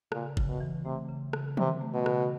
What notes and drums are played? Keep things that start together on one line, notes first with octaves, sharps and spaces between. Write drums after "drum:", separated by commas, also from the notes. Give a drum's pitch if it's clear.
A#2 C#3, drum: rim click
C#3, drum: kick F#1
B2
E3
C3 A3
C#3
C#3, drum: rim click
C3 E3, drum: tom
A3
B2
C#3, drum: rim click